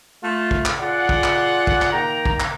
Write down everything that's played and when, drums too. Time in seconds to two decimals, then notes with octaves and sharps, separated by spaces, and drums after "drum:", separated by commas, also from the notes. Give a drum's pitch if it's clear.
0.23 A3 F4
0.51 drum: kick
0.66 drum: clap
0.80 F4 G#4 D5 F#5
1.09 drum: kick
1.24 drum: clap
1.67 drum: kick
1.82 drum: clap
1.93 D#3 A#3 G5 A#5
2.25 drum: kick
2.40 drum: clap